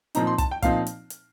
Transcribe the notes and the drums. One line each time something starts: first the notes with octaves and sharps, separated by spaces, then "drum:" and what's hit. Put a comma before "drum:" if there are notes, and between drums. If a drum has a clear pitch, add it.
A#2 F3 C4 D#4 A#5, drum: hi-hat
C6
A5, drum: kick, hi-hat
G5
A#2 F3 C4 D#4 F5, drum: kick, hi-hat
drum: hi-hat
drum: hi-hat